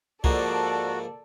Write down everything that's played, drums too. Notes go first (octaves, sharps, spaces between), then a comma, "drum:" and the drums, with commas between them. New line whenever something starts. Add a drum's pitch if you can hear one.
G#2 F3 A#3 F#4 A4 D5, drum: kick C2